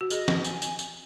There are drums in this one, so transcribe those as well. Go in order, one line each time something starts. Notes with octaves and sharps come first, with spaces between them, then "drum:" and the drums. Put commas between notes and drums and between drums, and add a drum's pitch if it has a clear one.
F#4
G#4 D#5, drum: tambourine
drum: snare
G#5, drum: tambourine
drum: tambourine
drum: tambourine